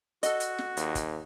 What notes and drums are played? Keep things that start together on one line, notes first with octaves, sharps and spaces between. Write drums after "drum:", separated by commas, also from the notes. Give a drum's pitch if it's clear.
F#4 A4 D#5, drum: hi-hat
drum: hi-hat
drum: snare
D#2, drum: hi-hat
drum: kick, hi-hat